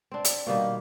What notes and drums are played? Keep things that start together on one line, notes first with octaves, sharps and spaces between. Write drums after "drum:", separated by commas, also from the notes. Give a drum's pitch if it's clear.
C4 D4
drum: hi-hat
B2 D#3 G3 A#3